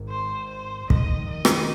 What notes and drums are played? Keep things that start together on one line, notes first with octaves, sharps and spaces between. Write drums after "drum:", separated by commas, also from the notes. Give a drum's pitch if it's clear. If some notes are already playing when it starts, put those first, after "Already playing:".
Already playing: G#1 G#2 D#3
C5
C5
F1 F2 D#3 D#5, drum: kick
D#5
drum: rim click